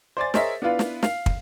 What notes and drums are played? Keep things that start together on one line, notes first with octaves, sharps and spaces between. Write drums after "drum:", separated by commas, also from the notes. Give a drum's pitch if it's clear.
C5 D5 G#5 A6
G#4 A#4 C5 C#5 D#5 E5, drum: snare
B3 D4 E4 F4 B4 F5
drum: snare
F5, drum: snare
drum: kick